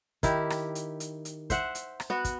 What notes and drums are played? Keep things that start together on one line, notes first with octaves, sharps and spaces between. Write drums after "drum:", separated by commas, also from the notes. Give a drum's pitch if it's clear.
D#3 E4 G4, drum: kick, hi-hat
drum: rim click
drum: hi-hat
drum: hi-hat
drum: hi-hat
C5 E5 F#5, drum: kick, hi-hat
drum: hi-hat
drum: rim click
B3 F#4
drum: kick, hi-hat